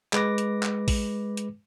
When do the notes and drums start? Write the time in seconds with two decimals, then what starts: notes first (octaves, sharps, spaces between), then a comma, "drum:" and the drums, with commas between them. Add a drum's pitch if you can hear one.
0.13 G#3 B4 D6 A#6, drum: clap
0.38 drum: hi-hat
0.63 drum: clap
0.88 drum: kick A1, open hi-hat
1.37 drum: hi-hat